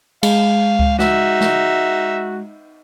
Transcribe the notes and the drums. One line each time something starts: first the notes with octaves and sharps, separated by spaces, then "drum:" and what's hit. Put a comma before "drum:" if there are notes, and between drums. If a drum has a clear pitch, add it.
G#3 F5, drum: cymbal
drum: kick C#2
D#4 F#4 E5, drum: snare
drum: snare